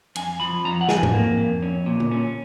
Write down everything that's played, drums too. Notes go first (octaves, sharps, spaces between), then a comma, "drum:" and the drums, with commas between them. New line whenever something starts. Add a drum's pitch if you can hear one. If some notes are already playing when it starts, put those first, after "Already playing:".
F2 G#5, drum: cymbal
F3 B5
F2 A#5
F#5
F2 G#5, drum: snare
drum: tom G#2
A#3
F2
C#4
A#2
drum: tom D3
C#4